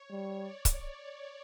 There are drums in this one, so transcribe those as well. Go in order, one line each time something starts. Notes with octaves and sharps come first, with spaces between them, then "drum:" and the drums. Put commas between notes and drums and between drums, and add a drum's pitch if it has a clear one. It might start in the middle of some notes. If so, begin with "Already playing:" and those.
Already playing: C#5
G3
D5
drum: kick C#1, hi-hat